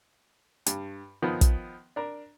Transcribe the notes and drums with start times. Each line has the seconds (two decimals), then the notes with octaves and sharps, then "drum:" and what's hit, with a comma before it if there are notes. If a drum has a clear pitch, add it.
0.66 G2, drum: hi-hat
1.22 D#3 F3 B3
1.41 drum: kick, hi-hat
1.96 D4 A#4